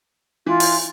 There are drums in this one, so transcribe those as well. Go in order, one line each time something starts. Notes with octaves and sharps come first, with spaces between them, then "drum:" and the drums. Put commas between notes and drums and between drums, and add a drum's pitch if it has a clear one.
E3 F4
drum: open hi-hat